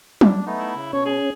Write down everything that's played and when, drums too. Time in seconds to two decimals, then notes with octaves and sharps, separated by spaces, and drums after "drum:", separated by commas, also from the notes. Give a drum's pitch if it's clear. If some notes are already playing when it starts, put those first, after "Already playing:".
0.21 D4, drum: tom F#3
0.46 A3 B3 D#4
0.59 E4
0.76 C#3
0.93 B2 C#4 C#5
1.06 G#4